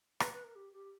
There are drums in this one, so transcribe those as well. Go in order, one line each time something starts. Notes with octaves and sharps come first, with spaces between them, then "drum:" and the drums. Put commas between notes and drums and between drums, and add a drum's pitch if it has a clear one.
B4, drum: rim click
B4
A#4
G4
G4